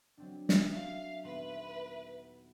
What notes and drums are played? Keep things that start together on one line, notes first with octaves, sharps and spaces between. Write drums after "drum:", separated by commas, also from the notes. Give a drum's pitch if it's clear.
F#3 C4 D4
drum: snare
E5 F5
D#1 B3 B4 C6